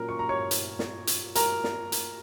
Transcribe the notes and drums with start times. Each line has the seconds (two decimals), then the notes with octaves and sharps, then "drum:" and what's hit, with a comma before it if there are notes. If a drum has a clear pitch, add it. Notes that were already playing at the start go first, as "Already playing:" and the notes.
Already playing: A#2 F#3 C#4 A#4
0.09 C#6
0.19 A#5
0.29 C#5 C#6
0.51 drum: hi-hat
0.79 drum: snare
1.07 drum: hi-hat
1.35 A#4 A#5, drum: hi-hat
1.64 drum: snare
1.92 drum: hi-hat